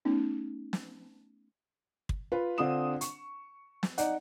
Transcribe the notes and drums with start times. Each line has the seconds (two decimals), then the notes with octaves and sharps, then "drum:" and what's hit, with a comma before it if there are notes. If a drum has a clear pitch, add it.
0.05 A3 B3 C#4 D#4
0.73 drum: snare
2.09 drum: kick
2.32 F4 B4
2.58 D3 C4 D4 F4 D#6 E7
3.01 C#6, drum: hi-hat
3.83 drum: snare
3.98 D#4 D5 F#5, drum: hi-hat